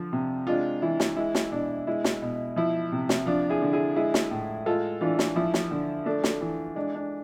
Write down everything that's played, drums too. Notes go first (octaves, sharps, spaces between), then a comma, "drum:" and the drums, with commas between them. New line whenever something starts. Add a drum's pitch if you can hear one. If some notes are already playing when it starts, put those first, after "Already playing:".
Already playing: D3 F3
C3
G#3 D4 F4
E3 E4
drum: snare
G#3 E4
drum: snare
B2 D4
G#3 E4
drum: snare
B2
F3 E4
C3
drum: snare
F3 D4 F4
E4 G#4
D3
E4 G#4
G#3 E4 G#4
drum: snare
A2
G#3 F4 A4
E3 D4 F4
drum: snare
F3 E4
drum: snare
D3
A3 D4
drum: snare
E3
G#3 D4
D4